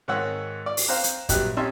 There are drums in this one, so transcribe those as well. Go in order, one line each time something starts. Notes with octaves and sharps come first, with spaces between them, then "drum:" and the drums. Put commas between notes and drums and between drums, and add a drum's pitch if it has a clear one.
G#2 D#3 C#5 F#5 E6
D5
drum: open hi-hat
C5 F5 G5 A#5 F#6
drum: hi-hat
A#1 G2 F#3 G4 F#6, drum: kick, hi-hat
C#4 D#4 G4 E5 A5 C6